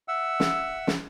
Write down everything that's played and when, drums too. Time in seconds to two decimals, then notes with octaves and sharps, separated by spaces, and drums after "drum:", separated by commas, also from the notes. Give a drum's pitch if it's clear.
0.08 E5 F#5 E6
0.40 drum: snare
0.87 drum: snare